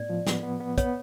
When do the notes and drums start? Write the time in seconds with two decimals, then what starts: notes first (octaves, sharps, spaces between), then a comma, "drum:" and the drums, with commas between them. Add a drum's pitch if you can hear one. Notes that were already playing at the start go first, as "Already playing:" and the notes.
Already playing: A2 B3 D5
0.09 F3
0.27 B3, drum: snare
0.43 B3
0.60 B3
0.78 B3 C#5, drum: kick, hi-hat